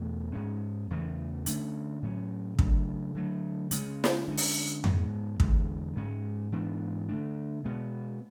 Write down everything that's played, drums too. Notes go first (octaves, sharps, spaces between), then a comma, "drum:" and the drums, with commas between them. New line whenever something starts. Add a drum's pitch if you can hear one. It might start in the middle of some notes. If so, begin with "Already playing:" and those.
Already playing: E2 B2 A3 C#4
G#2 G#3 C#4
E2 C#3 E3 A3
D3 A3 C#4, drum: hi-hat
A2 F#3 C#4
C#3 F#3 A3 D4, drum: kick
D3 F#3 A3
C#3 G#3 C#4, drum: hi-hat
drum: snare
D3 G#3 C#4
drum: open hi-hat
G#2 G#3 B3, drum: tom F2
E2 D3 G#3, drum: kick
G#2 G#3 C#4
G#2 E3 B3 D4
D3 A3 D4
B2 G#3 B3